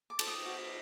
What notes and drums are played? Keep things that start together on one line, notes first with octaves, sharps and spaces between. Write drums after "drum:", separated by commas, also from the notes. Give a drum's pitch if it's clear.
D6
A4 C5 D#5, drum: cymbal
D#6
F#4